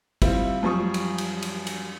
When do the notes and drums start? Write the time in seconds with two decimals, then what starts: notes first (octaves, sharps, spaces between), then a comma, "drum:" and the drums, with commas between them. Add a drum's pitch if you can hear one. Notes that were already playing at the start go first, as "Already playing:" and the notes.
0.22 G3 C4 E4 F4, drum: kick, cymbal
0.63 F#2 F3 G3 C#6 D#6
0.94 drum: cymbal
1.18 drum: cymbal
1.42 drum: cymbal
1.67 drum: cymbal